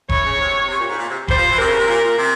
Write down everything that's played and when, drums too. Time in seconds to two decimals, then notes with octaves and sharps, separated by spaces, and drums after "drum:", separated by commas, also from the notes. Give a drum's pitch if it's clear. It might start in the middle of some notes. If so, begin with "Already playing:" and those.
0.09 E3 C#5, drum: kick F1
0.25 C#3
0.39 C3
0.69 C3
0.79 A#2
0.88 G#2
0.98 A#2
1.08 C3
1.28 G3 C5, drum: kick F1
1.38 F3
1.49 E3
1.58 C3 A#4
1.67 C#3
1.77 C3
1.87 A#2
2.03 A#2
2.18 C3